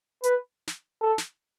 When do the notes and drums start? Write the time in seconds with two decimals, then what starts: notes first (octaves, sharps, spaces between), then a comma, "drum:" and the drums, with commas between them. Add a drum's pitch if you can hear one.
0.23 B4, drum: hi-hat
0.67 drum: snare
1.01 A4
1.18 drum: snare